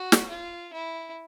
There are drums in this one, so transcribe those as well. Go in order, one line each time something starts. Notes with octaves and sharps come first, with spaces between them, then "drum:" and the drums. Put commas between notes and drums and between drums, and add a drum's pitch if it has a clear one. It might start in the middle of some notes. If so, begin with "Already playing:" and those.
Already playing: F#4
drum: snare
F4
E4